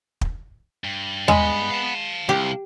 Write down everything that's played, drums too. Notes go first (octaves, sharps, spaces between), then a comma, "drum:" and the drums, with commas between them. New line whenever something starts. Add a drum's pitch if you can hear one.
drum: kick
G2
G#3 F#5 B5, drum: tom D#2
F5 A5
C2 G4